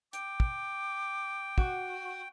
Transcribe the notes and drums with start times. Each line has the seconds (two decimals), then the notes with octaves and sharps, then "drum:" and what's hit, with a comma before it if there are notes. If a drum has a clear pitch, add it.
0.13 G5 D6, drum: hi-hat
0.40 drum: kick
1.58 F#4, drum: kick